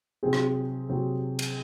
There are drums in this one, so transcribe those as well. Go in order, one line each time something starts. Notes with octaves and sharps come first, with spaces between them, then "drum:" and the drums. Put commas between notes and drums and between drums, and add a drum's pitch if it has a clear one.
C3 F#3 C4 G#4
drum: rim click
C3 F#3 C4
drum: cymbal